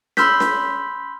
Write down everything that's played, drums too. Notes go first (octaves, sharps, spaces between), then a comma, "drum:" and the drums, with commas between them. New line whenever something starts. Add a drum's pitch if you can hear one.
B5 C6 E6 F6 G6 B6, drum: snare C#4
drum: snare C#4